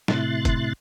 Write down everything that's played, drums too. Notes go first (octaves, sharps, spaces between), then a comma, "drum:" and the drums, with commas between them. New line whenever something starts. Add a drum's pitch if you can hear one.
A2 C3 E4 C6 F#6 A6, drum: snare
drum: kick F#1, hi-hat